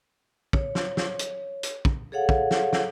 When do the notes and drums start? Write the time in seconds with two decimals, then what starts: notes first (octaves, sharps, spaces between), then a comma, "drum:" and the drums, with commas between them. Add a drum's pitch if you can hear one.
0.53 C#5, drum: kick
0.75 drum: snare
0.97 drum: snare
1.19 drum: hi-hat
1.63 drum: hi-hat
1.85 drum: kick
2.12 G#4 A4 C#5 F5 F#5
2.29 drum: kick
2.51 drum: snare
2.73 drum: snare